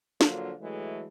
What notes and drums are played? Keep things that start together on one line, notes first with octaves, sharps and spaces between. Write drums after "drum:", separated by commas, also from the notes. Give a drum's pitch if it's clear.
D3 F3 F#3 A#3 F4, drum: snare
E3 F#3 G#3 A3